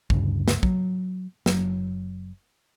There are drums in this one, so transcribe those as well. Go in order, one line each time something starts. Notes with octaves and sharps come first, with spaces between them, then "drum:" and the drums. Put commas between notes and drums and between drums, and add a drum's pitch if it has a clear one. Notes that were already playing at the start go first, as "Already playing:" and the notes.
G1 D2 G2 C#3, drum: kick
drum: snare
F#3, drum: kick
F#1 F#3, drum: snare